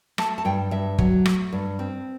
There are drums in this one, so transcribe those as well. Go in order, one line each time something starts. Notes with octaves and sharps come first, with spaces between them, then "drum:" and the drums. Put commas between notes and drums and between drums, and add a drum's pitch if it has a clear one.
A3 A5, drum: rim click
A5
G2 G5
G2 E5
F#3, drum: kick
A3, drum: rim click
G2
C4